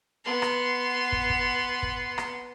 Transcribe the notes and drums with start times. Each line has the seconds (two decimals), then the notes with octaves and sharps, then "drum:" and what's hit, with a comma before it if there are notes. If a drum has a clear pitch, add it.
0.25 B3 C6
0.42 drum: rim click
1.12 drum: kick
1.30 drum: kick
1.83 drum: kick
2.18 drum: rim click